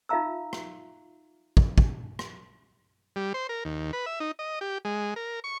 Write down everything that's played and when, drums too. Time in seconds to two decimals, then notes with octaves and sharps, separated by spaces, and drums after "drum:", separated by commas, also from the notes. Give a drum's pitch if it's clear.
0.09 D#4 F4 E5 F5 A#5 E6
0.53 drum: rim click
1.57 drum: kick
1.78 drum: kick
2.19 drum: rim click
3.16 G3
3.34 C5
3.49 A#4
3.65 D#2
3.93 B4
4.06 E5
4.20 D#4
4.39 D#5
4.61 G4
4.85 G#3
5.16 A#4
5.44 C#6